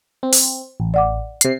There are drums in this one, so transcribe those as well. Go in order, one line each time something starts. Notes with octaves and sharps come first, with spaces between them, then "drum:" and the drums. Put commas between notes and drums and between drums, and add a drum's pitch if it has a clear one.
C4
drum: open hi-hat
A1
D5 F#5 D6
C3 C7, drum: hi-hat